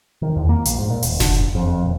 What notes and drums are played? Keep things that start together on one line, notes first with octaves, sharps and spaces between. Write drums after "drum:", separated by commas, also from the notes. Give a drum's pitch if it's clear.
D#3
E2
A#3
A#1, drum: hi-hat
G#2
A#2
D#1, drum: open hi-hat
D3, drum: snare F1
G1
F2
F2
D#1